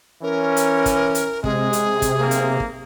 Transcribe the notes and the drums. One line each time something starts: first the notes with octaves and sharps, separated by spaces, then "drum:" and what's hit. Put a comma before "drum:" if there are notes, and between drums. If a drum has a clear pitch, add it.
E3 C#4 A#4
drum: hi-hat
drum: kick, hi-hat
drum: hi-hat
C3 G#3 G#4, drum: kick
drum: hi-hat
drum: kick, hi-hat
B1 A#3
drum: hi-hat
drum: kick